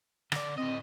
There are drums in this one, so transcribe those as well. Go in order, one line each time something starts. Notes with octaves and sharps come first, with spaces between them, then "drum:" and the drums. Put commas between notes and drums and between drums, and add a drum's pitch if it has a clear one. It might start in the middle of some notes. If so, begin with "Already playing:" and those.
D3 D5, drum: rim click
A2 C4 D#5